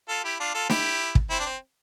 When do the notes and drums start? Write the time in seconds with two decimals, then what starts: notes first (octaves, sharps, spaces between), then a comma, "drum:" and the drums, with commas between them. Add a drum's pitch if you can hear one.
0.09 F4 A4
0.24 E4 G4
0.40 D4 F4
0.54 F4 A4
0.70 E4 G4, drum: snare
1.15 drum: kick
1.30 C4 E4
1.40 D4
1.46 C4